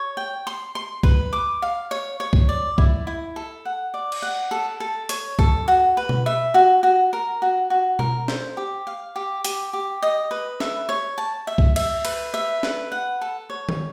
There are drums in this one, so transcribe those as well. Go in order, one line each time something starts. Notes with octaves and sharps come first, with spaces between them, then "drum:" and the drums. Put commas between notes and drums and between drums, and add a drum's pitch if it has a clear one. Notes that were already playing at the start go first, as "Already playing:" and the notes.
Already playing: C#5
G5
C6
C6
B4, drum: kick C2
D6
F5
C#5
C#5
drum: kick C2
D5
E4, drum: kick C2
E4
A4
F#5
D5
drum: cymbal
F#5
A4
A4
C#5, drum: hi-hat
A4, drum: kick C2
F#4
B4
drum: tom B2
E5
F#4
F#4
A#4
F#4
F#4
A#4, drum: tom B2
C5, drum: snare
G4
F5
G4
G4, drum: hi-hat
G4
D#5
B4
E5, drum: snare
C#5
A5
E5
drum: kick C2
E5, drum: cymbal
B4, drum: cymbal
E5
B4, drum: snare
F#5
A4
C#5
drum: tom D#3